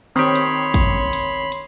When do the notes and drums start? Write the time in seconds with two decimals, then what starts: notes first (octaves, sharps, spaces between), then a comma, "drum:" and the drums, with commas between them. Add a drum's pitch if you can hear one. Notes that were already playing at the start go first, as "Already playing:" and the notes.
0.16 D#3 C4 G4 C#5 B5 C6
0.35 drum: hi-hat
0.74 drum: kick, hi-hat
1.13 drum: hi-hat
1.52 drum: hi-hat